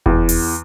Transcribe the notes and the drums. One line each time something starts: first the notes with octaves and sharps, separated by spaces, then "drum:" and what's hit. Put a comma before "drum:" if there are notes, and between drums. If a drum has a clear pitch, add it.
E2, drum: kick F1
drum: open hi-hat